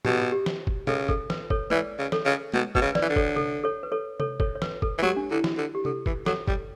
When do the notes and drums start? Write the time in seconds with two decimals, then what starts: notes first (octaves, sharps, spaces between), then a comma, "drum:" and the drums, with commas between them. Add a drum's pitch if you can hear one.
0.05 B2 G4, drum: tom
0.18 F#4
0.32 G4
0.46 drum: snare
0.67 drum: kick F#1
0.87 C#3 A4, drum: tom
1.09 A4, drum: kick F#1
1.30 B4, drum: snare
1.50 A4 C#5, drum: kick F#1
1.70 E3 B4 D5, drum: tom G#3
1.98 C#3
2.12 A4 C#5, drum: snare
2.25 C#3
2.54 B2, drum: tom G#3
2.75 B2 B4, drum: kick F#1
2.81 C#3
2.95 B4 D5, drum: snare
3.02 E3
3.10 D3
3.16 A4 C#5, drum: kick F#1
3.36 A4, drum: tom C3
3.64 A4 C#5
3.83 B4
3.92 A4 C#5
4.20 A4 C#5, drum: tom C3
4.40 A4 C#5, drum: kick F#1
4.55 C#5
4.62 B4, drum: snare
4.82 A4, drum: kick F#1
4.98 E3
5.02 F#3 G4, drum: tom G#3
5.17 D4
5.31 D3 E4
5.44 F#4, drum: snare
5.57 D3
5.75 G4
5.85 D3 A4, drum: tom C3
6.06 E3, drum: kick F#1
6.26 F#3 A4 C#5, drum: snare
6.48 G3, drum: kick F#1